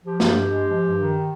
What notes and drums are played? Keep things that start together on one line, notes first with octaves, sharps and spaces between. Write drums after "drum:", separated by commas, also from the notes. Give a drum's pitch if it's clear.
F3 G4
G2, drum: snare
G2
G#3
F3
G2
D#3